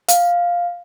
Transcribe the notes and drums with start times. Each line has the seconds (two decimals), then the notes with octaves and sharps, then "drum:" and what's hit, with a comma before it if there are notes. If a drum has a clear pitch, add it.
0.08 F5, drum: hi-hat